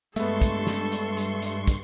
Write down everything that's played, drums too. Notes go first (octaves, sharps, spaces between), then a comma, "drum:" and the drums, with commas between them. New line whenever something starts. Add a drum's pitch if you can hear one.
G2 G#3 A3 B3 A4 C6 C#6, drum: hi-hat
drum: kick, hi-hat
drum: snare
drum: hi-hat
drum: hi-hat
drum: hi-hat
drum: kick, hi-hat